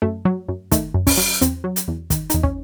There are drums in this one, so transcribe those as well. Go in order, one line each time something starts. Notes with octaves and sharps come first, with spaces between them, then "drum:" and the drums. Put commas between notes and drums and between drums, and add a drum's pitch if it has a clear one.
F#2 A3
F#3
F#2
D#3 A3, drum: kick, hi-hat
F#2
C#4, drum: kick, open hi-hat
F#3
E2 C4, drum: hi-hat
F#3
drum: hi-hat
E2
D#3, drum: kick, hi-hat
E2 D#4, drum: hi-hat
C#4, drum: kick